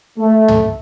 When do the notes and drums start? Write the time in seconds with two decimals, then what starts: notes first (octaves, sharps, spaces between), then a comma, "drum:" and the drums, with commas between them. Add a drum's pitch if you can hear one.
0.18 A3
0.48 drum: tom